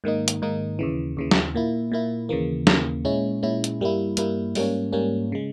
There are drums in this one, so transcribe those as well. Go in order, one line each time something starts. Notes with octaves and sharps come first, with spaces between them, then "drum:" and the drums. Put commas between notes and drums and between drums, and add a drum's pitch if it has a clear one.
G#2 D#3 A#3 D#4
drum: hi-hat
G#2 D#3 A#3 D#4
D#2 C#3 E3
D#2 C#3 E3
drum: snare
A#2 A#3 E4
A#2 A#3 E4
D#2 C#3 E3 A#3
D#2 C#3 E3 A#3, drum: snare
A#2 G#3 C#4 E4
A#2 G#3 C#4 E4
drum: hi-hat
G2 G3 A#3 E4
G2 G3 A#3 E4, drum: hi-hat
G#2 G3 A#3 C#4, drum: open hi-hat
G#2 G3 A#3 C#4
C#3 G#3